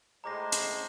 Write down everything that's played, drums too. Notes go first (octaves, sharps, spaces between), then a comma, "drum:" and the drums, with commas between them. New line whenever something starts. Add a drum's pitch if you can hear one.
A2 G#3 C5 A#5 D6 A#6
drum: hi-hat